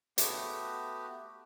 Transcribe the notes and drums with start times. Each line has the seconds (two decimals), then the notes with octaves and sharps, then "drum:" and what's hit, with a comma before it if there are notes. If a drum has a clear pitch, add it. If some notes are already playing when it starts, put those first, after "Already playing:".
0.18 A3 B3 F#4 G4, drum: hi-hat